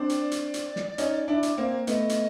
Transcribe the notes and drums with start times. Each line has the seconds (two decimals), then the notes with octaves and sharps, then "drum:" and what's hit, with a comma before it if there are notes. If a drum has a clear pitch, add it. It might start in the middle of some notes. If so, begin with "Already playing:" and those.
Already playing: C4 D4
0.09 D5, drum: hi-hat
0.31 drum: hi-hat
0.54 drum: hi-hat
0.76 drum: snare
0.98 C#4 D#4, drum: hi-hat
1.28 D4 E4
1.43 drum: hi-hat
1.57 A#3 C4
1.87 A3 B3 D#5, drum: hi-hat
2.09 drum: hi-hat